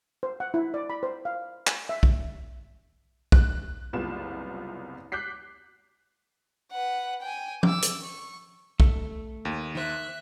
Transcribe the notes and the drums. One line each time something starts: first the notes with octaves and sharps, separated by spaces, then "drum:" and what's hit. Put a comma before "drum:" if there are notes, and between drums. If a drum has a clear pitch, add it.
C5
F#5
E4
D5
B5
C5
F5
G#5, drum: clap
E5
drum: kick B1
F#6, drum: kick B1
F#1 C2 B3 F4 E7
D6 F#6 G6 B6 C7
B4 F#5
G5 G#5
D6 E6, drum: tom F3
drum: hi-hat
C#6
A3, drum: kick B1
D#2
D#3 C5 E5 F#6